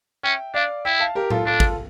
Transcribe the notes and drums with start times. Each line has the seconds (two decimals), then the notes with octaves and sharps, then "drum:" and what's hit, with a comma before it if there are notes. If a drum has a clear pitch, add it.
0.23 C#4 E5 G5
0.54 D4 D5 F5
0.85 E4 E5 G5
1.00 F5 A5
1.15 G4 A#4
1.31 F4 A4, drum: tom A2
1.46 D4 F4 A4
1.60 drum: kick